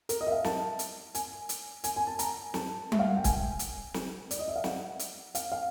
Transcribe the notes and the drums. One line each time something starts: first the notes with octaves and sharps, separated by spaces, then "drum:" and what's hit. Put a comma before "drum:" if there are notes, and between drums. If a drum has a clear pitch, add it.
A#4, drum: hi-hat
D#5
E5
F5
A5, drum: snare
drum: hi-hat
G#5, drum: hi-hat
drum: hi-hat
G#5, drum: hi-hat
G#5
A5
A#5, drum: hi-hat
A5, drum: snare
E5, drum: tom G3
F5
F#5
G5
G#5, drum: kick C#1, hi-hat
drum: hi-hat
drum: snare
D5, drum: hi-hat
D#5
E5
F5
F#5, drum: snare
drum: hi-hat
F5, drum: hi-hat
F5